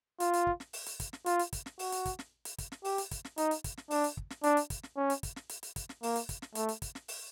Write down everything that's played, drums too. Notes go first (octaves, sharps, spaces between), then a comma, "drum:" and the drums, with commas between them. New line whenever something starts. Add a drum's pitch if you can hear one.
F4, drum: hi-hat
drum: hi-hat
drum: kick
drum: snare
drum: open hi-hat
drum: hi-hat
drum: kick, hi-hat
drum: snare
F4, drum: hi-hat
drum: hi-hat
drum: kick, hi-hat
drum: snare
F#4, drum: open hi-hat
drum: hi-hat
drum: kick, hi-hat
drum: snare
drum: hi-hat
drum: kick, hi-hat
drum: snare
G4, drum: open hi-hat
drum: hi-hat
drum: kick, hi-hat
drum: snare
D#4, drum: hi-hat
drum: hi-hat
drum: kick, hi-hat
drum: snare
D4, drum: open hi-hat
drum: hi-hat
drum: kick
drum: snare
D4, drum: hi-hat
drum: hi-hat
drum: kick, hi-hat
drum: snare
C#4
drum: hi-hat
drum: kick, hi-hat
drum: snare
drum: hi-hat
drum: hi-hat
drum: kick, hi-hat
drum: snare
A#3, drum: open hi-hat
drum: hi-hat
drum: kick, hi-hat
drum: snare
A3, drum: hi-hat
drum: hi-hat
drum: kick, hi-hat
drum: snare
drum: open hi-hat